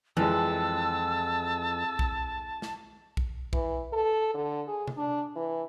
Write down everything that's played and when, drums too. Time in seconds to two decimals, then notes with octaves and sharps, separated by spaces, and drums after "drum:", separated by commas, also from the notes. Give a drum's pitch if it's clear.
0.17 F2 E3 G#3 A5 E6
1.99 drum: kick B1
2.62 drum: snare
3.17 drum: kick B1
3.53 E3, drum: kick B1
3.93 A4
4.35 D3
4.68 G#4
4.87 drum: tom C3
4.97 D4
5.36 E3